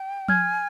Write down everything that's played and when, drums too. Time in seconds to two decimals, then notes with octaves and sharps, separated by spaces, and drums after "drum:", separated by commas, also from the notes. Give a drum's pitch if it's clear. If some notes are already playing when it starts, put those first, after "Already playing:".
Already playing: G5
0.28 G#5 F6 G#6, drum: tom F3